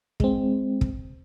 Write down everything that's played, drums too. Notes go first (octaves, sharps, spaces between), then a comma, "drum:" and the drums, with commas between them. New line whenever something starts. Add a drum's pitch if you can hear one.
G#3 C4, drum: kick
drum: kick